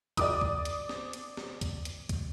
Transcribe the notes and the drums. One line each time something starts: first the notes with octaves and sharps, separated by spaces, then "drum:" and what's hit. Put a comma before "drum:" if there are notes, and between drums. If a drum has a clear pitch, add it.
D5 D6 D#6, drum: kick D2, hi-hat
drum: kick D2
drum: hi-hat
drum: snare
drum: hi-hat
drum: snare
drum: kick D2, hi-hat
drum: hi-hat
drum: kick D2, hi-hat